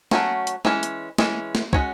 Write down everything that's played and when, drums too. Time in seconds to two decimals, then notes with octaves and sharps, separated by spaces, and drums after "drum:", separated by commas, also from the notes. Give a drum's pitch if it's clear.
0.11 F#3 A3 C#4 F#4, drum: snare
0.47 drum: hi-hat
0.65 E3 G#3 C#4, drum: snare
0.83 drum: hi-hat
1.18 E3 G#3 C#4, drum: snare
1.55 drum: snare
1.73 G#3 C#4 F#4 C#5, drum: kick